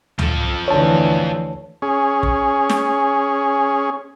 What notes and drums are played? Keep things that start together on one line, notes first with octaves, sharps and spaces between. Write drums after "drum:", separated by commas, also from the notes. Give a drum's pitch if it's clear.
F3 A4, drum: tom C#2
D2 E3 C#5 A5
C#4 G#4
drum: kick
drum: snare